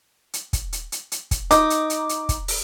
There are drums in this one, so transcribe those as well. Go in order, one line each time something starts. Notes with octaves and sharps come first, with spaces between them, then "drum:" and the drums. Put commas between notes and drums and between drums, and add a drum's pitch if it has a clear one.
drum: hi-hat
drum: kick, hi-hat
drum: hi-hat
drum: hi-hat
drum: hi-hat
drum: kick, hi-hat
D#4 D6, drum: hi-hat
drum: hi-hat
drum: hi-hat
drum: hi-hat
drum: kick, hi-hat
drum: open hi-hat